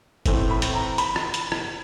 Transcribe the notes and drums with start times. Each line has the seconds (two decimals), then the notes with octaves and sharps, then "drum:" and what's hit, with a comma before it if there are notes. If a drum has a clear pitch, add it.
0.26 A2 E3 A3 C4, drum: kick F1, hi-hat
0.51 B5
0.62 drum: hi-hat
0.73 A#5
0.98 B5, drum: hi-hat
1.16 drum: rim click
1.34 drum: hi-hat
1.52 drum: rim click